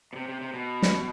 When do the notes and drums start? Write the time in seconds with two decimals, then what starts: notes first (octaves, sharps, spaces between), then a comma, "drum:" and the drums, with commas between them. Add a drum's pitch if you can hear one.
0.13 B2
0.16 C3
0.29 C3
0.41 C3
0.54 B2
0.82 drum: snare